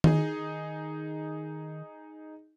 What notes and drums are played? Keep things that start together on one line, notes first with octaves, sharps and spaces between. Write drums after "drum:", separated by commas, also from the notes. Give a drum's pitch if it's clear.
D#3 D#4 G#4, drum: tom D#3